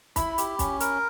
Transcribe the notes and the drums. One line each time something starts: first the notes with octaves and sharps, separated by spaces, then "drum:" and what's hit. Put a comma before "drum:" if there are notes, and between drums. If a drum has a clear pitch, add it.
E4 B5, drum: kick, hi-hat
G4, drum: hi-hat
C#4, drum: kick, hi-hat
A#4, drum: hi-hat